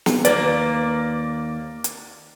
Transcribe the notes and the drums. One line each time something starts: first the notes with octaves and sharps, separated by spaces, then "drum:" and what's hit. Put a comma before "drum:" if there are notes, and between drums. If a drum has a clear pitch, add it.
drum: snare
D#2 A#3 B4 D5, drum: hi-hat
drum: hi-hat